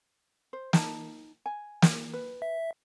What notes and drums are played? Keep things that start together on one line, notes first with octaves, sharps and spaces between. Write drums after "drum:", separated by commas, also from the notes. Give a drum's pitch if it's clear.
C5
D#4 A5, drum: snare
G#5
drum: snare
B4
E5